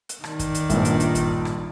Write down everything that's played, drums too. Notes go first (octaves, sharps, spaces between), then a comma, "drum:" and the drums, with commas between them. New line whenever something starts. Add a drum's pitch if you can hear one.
drum: hi-hat
D#3 D5, drum: rim click
drum: kick, hi-hat
drum: hi-hat
A#1 G2 F3, drum: kick, hi-hat
drum: hi-hat
drum: hi-hat
drum: kick, hi-hat
drum: rim click